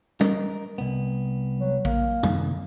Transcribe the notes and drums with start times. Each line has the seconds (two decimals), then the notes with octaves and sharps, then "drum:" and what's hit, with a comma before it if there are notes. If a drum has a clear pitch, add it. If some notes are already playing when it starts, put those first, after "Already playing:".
0.21 A#4 D#5, drum: tom
0.78 C2 B3
1.60 F#3
1.85 A#3, drum: kick A1
2.23 F#2 C3 D#3, drum: tom